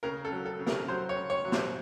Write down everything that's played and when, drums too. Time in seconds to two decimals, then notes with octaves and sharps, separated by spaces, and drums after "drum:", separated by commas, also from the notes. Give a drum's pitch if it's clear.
0.03 C#3 A#4
0.25 A4
0.32 F#3
0.46 A4
0.59 C#3
0.67 A#4, drum: snare
0.88 F#3 C5
1.09 C#5
1.16 C#3
1.30 C#5
1.45 F#3
1.52 C5, drum: snare